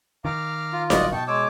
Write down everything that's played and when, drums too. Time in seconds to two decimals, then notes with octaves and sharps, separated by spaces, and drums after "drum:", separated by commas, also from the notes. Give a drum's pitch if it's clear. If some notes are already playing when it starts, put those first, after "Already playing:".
0.25 D#3 F5 A#5 D6
0.73 F4
0.90 D1 G1 F#3 D5 D#5 F#5, drum: snare D#4
1.12 B2 G5 A5 C#6
1.28 G#3 C#5 D6 E6